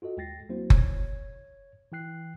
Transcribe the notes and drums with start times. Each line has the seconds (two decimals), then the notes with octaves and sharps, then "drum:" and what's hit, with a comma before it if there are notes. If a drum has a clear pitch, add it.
0.02 F4 F#4 A4 D#5
0.17 D#2 G#3 G5 A6 A#6 C7
0.49 F#3 A#3 C4 E4 F#4 C5
0.70 C#5 G#6, drum: kick F#1
1.92 E3 E4 G5 F#6 C7